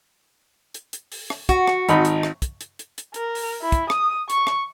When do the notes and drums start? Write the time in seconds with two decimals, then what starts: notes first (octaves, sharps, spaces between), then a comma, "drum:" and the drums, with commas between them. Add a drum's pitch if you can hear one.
0.74 drum: hi-hat
0.93 drum: hi-hat
1.12 drum: open hi-hat
1.30 drum: rim click
1.49 F#4, drum: kick, hi-hat
1.68 drum: rim click
1.89 G#1 D#4 B5, drum: hi-hat
2.05 drum: hi-hat
2.23 drum: rim click
2.42 drum: kick, hi-hat
2.61 drum: hi-hat
2.79 drum: hi-hat
2.98 drum: hi-hat
3.14 A#4, drum: hi-hat
3.35 drum: open hi-hat
3.62 E4
3.72 drum: kick, hi-hat
3.90 D#6, drum: rim click
4.30 C#6, drum: hi-hat
4.47 drum: rim click